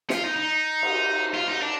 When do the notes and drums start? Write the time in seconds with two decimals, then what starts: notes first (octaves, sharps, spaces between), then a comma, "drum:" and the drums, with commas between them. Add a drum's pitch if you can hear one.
0.10 F4, drum: snare
0.24 D#4
0.36 D#4
0.83 drum: cymbal
1.34 F4
1.48 D#4
1.61 D4